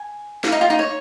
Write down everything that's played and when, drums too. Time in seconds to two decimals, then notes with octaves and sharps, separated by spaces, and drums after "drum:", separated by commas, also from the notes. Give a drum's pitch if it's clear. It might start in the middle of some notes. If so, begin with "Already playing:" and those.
Already playing: G#5
0.44 F5, drum: snare
0.52 D#4
0.61 F4
0.70 D#4
0.79 C#5